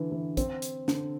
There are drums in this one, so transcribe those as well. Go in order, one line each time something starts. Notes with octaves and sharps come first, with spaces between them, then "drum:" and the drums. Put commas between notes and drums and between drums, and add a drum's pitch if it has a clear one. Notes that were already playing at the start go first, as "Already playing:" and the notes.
Already playing: D3 E3
E3
C4, drum: kick, hi-hat
drum: hi-hat
D3, drum: snare